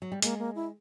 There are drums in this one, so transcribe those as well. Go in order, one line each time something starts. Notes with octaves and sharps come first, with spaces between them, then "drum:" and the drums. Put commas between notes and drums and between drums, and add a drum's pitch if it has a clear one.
F#3
G3
G#3 A#3, drum: hi-hat
A#3
E4